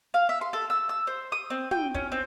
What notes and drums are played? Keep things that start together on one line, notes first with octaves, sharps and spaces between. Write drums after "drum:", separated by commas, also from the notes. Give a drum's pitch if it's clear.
F5
E5
C6
A4
E6
E6
C5
D#6
C4
G5, drum: tom
C#4, drum: kick
C4